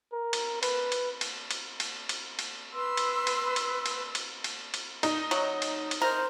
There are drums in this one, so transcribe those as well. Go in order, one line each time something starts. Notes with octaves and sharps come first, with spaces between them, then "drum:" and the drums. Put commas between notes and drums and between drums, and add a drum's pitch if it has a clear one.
A#4
drum: cymbal
B4, drum: cymbal
drum: cymbal
drum: cymbal
drum: cymbal
drum: cymbal
drum: cymbal
drum: cymbal
B4 C6 E6
drum: cymbal
drum: cymbal
drum: cymbal
drum: cymbal
drum: cymbal
drum: cymbal
drum: cymbal
D#4, drum: cymbal
F#3, drum: cymbal
drum: cymbal
drum: cymbal
A#4 C5